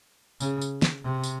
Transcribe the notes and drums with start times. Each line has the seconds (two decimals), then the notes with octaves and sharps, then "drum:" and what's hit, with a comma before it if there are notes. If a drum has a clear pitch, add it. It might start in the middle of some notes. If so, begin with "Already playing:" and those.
0.41 C#3, drum: tambourine
0.61 drum: tambourine
0.82 drum: snare
1.03 C3
1.24 drum: tambourine